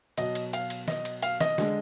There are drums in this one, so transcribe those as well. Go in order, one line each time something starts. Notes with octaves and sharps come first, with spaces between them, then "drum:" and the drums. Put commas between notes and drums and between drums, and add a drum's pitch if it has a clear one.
B2 F#3 D#5, drum: cymbal
drum: cymbal
F5, drum: cymbal
drum: cymbal
D#5, drum: snare
drum: cymbal
F5, drum: cymbal
D#5, drum: snare
D3 G#3, drum: snare